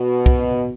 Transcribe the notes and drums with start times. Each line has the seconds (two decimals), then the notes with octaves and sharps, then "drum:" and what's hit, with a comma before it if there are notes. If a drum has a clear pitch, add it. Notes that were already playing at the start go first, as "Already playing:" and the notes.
Already playing: B2
0.26 drum: kick C2